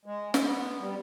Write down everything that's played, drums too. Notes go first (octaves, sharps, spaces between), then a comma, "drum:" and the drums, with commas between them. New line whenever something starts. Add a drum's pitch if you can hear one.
G#3
drum: snare
B3
G3